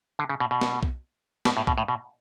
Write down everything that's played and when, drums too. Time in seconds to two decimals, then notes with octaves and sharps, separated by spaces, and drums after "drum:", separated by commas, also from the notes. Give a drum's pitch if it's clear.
0.19 D3
0.29 C#3
0.40 B2
0.51 B2
0.61 drum: snare
0.83 drum: kick B1
1.45 B2, drum: snare
1.57 A2
1.67 B2, drum: kick B1
1.78 A2
1.88 B2